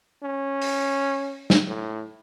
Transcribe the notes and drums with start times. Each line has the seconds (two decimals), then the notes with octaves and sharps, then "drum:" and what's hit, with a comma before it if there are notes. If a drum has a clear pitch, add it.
0.23 C#4
0.61 drum: open hi-hat
1.50 drum: snare
1.67 A2